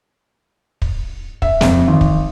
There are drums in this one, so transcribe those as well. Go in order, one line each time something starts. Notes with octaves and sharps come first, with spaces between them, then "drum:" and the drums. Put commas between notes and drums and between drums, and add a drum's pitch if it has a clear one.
drum: kick
E5, drum: kick
F2, drum: snare
G#1
drum: kick